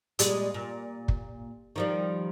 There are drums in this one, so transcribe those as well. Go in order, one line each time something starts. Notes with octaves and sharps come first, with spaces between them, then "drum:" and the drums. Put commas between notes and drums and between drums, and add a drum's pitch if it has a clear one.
A#2 G3 G#3, drum: hi-hat
A#2
drum: kick
D#3 F3 G3